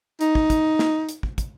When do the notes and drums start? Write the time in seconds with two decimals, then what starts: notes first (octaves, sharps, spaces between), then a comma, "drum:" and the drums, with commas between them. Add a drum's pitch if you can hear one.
0.21 D#4, drum: hi-hat
0.35 drum: kick
0.50 drum: kick, hi-hat
0.79 drum: snare
1.09 drum: hi-hat
1.23 drum: kick
1.38 drum: kick, hi-hat